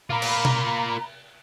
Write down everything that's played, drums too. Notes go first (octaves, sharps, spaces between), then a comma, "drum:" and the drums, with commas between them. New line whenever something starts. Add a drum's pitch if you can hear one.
A#3 F4 A#5 B5
drum: cymbal
drum: tom B2